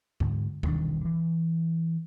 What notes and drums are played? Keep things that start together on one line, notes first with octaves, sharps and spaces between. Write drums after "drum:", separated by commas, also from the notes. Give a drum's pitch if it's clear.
G#2 D3, drum: kick D2
E1 C2 D#3 D4, drum: kick D2
E3